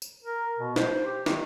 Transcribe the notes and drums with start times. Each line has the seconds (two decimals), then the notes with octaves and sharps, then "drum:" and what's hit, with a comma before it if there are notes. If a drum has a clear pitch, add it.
0.02 drum: tambourine
0.24 A#4
0.58 B2
0.76 C5, drum: snare
1.05 G4
1.26 D#3, drum: snare